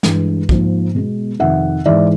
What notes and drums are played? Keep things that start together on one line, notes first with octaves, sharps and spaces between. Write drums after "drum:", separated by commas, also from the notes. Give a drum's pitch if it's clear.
G2 E3 G#3, drum: snare
G#2 F3 A#3, drum: kick
B2 G#3 B3
F2 C3 D#3 E5 F#5
G#2 E3 G#3 D5 E5